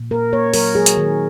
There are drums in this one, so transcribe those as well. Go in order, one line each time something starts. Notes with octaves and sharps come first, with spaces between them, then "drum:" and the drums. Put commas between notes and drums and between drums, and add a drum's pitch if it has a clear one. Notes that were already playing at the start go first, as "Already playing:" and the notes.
Already playing: A#2
A#3 A#4
A#3 C#5
F#3 A#4, drum: open hi-hat
F#3 G#4
drum: hi-hat
D#3